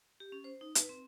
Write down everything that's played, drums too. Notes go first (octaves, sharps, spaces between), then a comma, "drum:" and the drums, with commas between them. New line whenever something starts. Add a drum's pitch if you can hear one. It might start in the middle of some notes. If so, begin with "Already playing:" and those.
G4
C#4
C5
D#4
B4, drum: hi-hat
C4